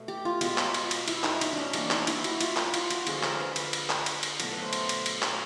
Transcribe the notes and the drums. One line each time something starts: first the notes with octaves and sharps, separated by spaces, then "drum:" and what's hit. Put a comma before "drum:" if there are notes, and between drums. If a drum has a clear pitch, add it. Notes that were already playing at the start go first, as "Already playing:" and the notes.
Already playing: B2 A3
G4
F4
B2 G#3 B3 F4, drum: cymbal
drum: clap
drum: cymbal
drum: cymbal
E4, drum: cymbal
D#4, drum: clap
D#4, drum: cymbal
C#4 D4
E3 G3 A#3 D4, drum: cymbal
D#4, drum: clap
E4, drum: cymbal
F#4, drum: cymbal
F4, drum: cymbal
F4, drum: clap
F4, drum: cymbal
F#4, drum: cymbal
D3 F3 G#3 B3 G#4, drum: cymbal
A#4, drum: clap
C5
B4
B4, drum: cymbal
drum: cymbal
drum: clap
drum: cymbal
drum: cymbal
B2 F#3 A3, drum: cymbal
B4
C5
drum: cymbal
drum: cymbal
drum: cymbal
drum: clap